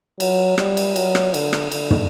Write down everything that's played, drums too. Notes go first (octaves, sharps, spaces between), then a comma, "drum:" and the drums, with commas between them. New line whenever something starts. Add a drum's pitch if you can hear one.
F#3, drum: cymbal
G3, drum: rim click
drum: cymbal
F#3, drum: cymbal
drum: rim click
D3, drum: cymbal
drum: rim click
D3, drum: cymbal
drum: tom